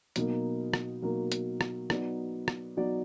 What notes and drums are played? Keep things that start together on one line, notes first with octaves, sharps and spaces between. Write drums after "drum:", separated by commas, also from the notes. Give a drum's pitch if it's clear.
B2 F#3 A#3 D#4 A#4, drum: hi-hat
drum: rim click
B2 F#3 A#3 D#4 A#4
drum: hi-hat
drum: rim click
F#3 B3 D#4 F#4 D5, drum: rim click
drum: rim click
F#3 B3 D#4 F#4 D5